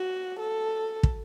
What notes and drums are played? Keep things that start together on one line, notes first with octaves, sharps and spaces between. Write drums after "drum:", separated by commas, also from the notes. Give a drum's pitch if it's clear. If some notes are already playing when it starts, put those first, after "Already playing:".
Already playing: F#4
A4
drum: kick